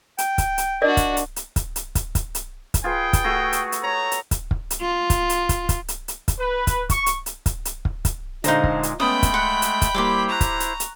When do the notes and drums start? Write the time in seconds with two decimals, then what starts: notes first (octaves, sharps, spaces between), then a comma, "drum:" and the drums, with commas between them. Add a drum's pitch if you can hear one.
0.18 G5, drum: hi-hat
0.38 drum: kick, hi-hat
0.58 drum: hi-hat
0.82 D4 F#4 A#4 D5 D#5
0.97 drum: kick, hi-hat
1.17 drum: hi-hat
1.36 drum: hi-hat
1.56 drum: kick, hi-hat
1.76 drum: hi-hat
1.95 drum: kick, hi-hat
2.15 drum: kick, hi-hat
2.35 drum: hi-hat
2.74 drum: kick, hi-hat
2.84 F4 G#4 B4 G5
3.13 drum: kick, hi-hat
3.24 A3 F#4 G#4
3.53 drum: hi-hat
3.72 drum: hi-hat
3.83 C#5 A#5
4.12 drum: hi-hat
4.31 drum: kick, hi-hat
4.51 drum: kick
4.71 drum: hi-hat
4.81 F4
5.10 drum: kick, hi-hat
5.29 drum: hi-hat
5.49 drum: kick, hi-hat
5.69 drum: kick, hi-hat
5.88 drum: hi-hat
6.08 drum: hi-hat
6.28 drum: kick, hi-hat
6.39 B4
6.67 drum: kick, hi-hat
6.90 C#6, drum: kick, hi-hat
7.06 drum: hi-hat
7.26 drum: hi-hat
7.46 drum: kick, hi-hat
7.65 drum: hi-hat
7.85 drum: kick
8.05 drum: kick, hi-hat
8.44 A#2 D3 G#3 D#4 C5 F5 A#5, drum: hi-hat
8.64 drum: kick
8.83 drum: hi-hat
9.00 G#3 A3 B3 C#4 G5 B5 D#6
9.23 drum: kick, hi-hat
9.34 F#5 C6 F#6
9.62 drum: hi-hat
9.82 drum: kick, hi-hat
9.94 G3 A#3 E4 G4 C5 C6 D6
10.29 A#5 C#6 F#6
10.41 drum: kick, hi-hat
10.60 drum: hi-hat
10.80 drum: hi-hat